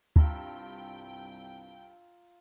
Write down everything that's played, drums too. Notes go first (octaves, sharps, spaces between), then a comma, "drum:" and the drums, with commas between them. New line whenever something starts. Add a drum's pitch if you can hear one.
C2 G2 F4 E5 G5 A#5, drum: kick